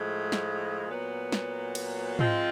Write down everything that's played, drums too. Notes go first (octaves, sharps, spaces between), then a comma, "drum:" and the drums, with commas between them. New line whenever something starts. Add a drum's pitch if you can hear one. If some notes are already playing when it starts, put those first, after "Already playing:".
Already playing: A2 F3 G#3
drum: snare
A#2 F#3 B3
drum: snare
drum: cymbal
F3 G#3 C4 F4, drum: tom